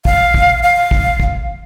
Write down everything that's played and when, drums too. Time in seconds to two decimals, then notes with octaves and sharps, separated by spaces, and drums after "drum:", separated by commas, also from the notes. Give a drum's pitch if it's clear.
0.05 F5, drum: kick
0.34 drum: kick
0.63 F5
0.91 drum: kick
1.20 drum: kick